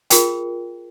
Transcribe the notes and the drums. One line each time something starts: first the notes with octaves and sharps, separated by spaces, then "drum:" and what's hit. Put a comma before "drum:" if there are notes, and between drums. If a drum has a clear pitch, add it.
F4 G#4 A#4 G5, drum: hi-hat